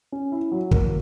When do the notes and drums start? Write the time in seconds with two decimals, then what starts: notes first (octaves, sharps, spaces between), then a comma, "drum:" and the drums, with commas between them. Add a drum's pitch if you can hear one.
0.12 C#4
0.32 E4
0.52 F#3
0.71 A#3, drum: kick